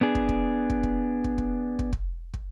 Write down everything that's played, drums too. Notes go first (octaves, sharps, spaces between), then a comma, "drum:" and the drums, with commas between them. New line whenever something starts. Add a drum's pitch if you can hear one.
B3 D4 G#4
drum: kick
drum: kick
drum: kick
drum: kick
drum: kick
drum: kick
drum: kick
drum: kick
drum: kick